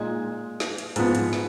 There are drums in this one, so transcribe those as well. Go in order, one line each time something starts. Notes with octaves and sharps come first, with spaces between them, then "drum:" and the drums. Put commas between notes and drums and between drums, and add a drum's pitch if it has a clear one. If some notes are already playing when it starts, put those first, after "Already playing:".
Already playing: A#2 G#3 D#4
drum: snare
drum: hi-hat
G#2 F3 B3, drum: hi-hat
drum: hi-hat
drum: snare